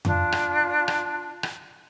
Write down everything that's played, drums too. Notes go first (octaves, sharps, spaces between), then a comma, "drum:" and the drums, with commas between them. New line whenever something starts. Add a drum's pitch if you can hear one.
D4 F4, drum: tom F2
drum: rim click
drum: rim click
drum: rim click